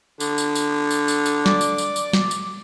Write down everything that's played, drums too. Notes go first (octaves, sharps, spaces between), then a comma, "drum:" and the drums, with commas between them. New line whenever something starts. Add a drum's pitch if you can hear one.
D3, drum: tambourine
drum: tambourine
drum: tambourine
drum: tambourine
drum: tambourine
drum: tambourine
D5, drum: snare
drum: tambourine
drum: tambourine
drum: tambourine
drum: snare
drum: tambourine